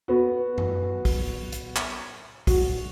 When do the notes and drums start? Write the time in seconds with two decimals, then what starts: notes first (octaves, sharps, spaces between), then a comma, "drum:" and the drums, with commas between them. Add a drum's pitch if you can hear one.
0.08 B3 F#4
0.58 drum: tom
1.05 drum: kick B1, open hi-hat
1.52 drum: hi-hat
1.76 drum: clap
2.47 F#4, drum: kick B1, open hi-hat